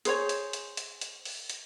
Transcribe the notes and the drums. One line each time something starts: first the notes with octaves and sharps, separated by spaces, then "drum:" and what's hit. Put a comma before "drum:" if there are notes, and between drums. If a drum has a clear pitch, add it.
G#4 C5 C#5, drum: hi-hat
drum: hi-hat
drum: hi-hat
drum: hi-hat
drum: hi-hat
drum: open hi-hat
drum: hi-hat